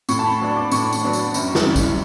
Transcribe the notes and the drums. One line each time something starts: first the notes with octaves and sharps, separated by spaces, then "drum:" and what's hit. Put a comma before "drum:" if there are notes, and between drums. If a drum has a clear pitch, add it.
A2 C#6, drum: tambourine
A5
B5
F#3 B3 D4
D6
A2 C#6, drum: tambourine
drum: tambourine
F#3 B3 D4
drum: tambourine
F#2, drum: tambourine
drum: snare
C#3 E3 G3
drum: kick B1, tambourine